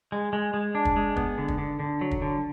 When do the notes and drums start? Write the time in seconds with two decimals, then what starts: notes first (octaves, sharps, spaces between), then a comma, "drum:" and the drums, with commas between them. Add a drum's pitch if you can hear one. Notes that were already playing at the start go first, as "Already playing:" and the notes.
0.12 G#3
0.33 G#3
0.54 G#3
0.75 D4
0.85 drum: kick
0.96 G#3
1.16 B3, drum: kick
1.38 D3
1.48 drum: kick
1.58 D3
1.80 D3
2.01 F#3
2.11 drum: kick
2.22 D3